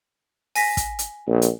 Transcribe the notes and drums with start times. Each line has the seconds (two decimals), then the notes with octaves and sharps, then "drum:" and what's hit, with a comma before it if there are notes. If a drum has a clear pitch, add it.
0.55 G#5 A#6 B6, drum: open hi-hat
0.77 drum: kick, hi-hat
0.99 drum: hi-hat
1.28 A#1
1.42 drum: hi-hat